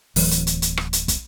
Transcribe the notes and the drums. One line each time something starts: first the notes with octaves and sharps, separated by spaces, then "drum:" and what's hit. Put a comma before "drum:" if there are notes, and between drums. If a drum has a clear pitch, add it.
D1 E3 F#3, drum: open hi-hat
drum: hi-hat
drum: hi-hat
drum: hi-hat
drum: rim click
drum: hi-hat
drum: kick, hi-hat